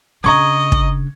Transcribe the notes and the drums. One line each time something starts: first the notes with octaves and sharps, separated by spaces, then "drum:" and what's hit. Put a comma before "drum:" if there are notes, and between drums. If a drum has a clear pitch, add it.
C#3 D4 D#5 A#5 C#6 G#6
drum: kick